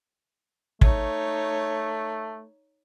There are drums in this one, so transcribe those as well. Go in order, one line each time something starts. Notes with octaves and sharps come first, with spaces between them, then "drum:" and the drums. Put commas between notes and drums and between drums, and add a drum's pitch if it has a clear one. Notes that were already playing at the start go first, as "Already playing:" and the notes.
A3 D#4 C#5, drum: kick